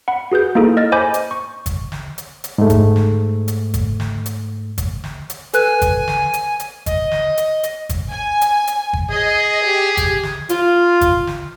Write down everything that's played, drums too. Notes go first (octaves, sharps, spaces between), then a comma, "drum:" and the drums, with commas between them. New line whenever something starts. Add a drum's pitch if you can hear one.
F#5 B5
F#4 G#4 B4 G6
A#3 D#4 E4 G#4 A4
D#5 F6 A6
C5 D#5 G#5 B5 D6 G6
drum: hi-hat
C#6
drum: kick, hi-hat
drum: snare
drum: hi-hat
drum: hi-hat
G#2 A3
drum: kick, hi-hat
drum: snare
drum: hi-hat
drum: kick, hi-hat
drum: snare
drum: hi-hat
drum: kick, hi-hat
drum: snare
drum: hi-hat
A4 B4 G#5 F#6, drum: hi-hat
drum: kick, hi-hat
drum: snare
drum: hi-hat
drum: hi-hat
D#5, drum: kick, hi-hat
drum: snare
drum: hi-hat
drum: hi-hat
drum: kick, hi-hat
G#5
drum: hi-hat
drum: hi-hat
drum: kick
G#4 D#5
G4
drum: kick, hi-hat
drum: snare
F4, drum: hi-hat
drum: kick, hi-hat
drum: snare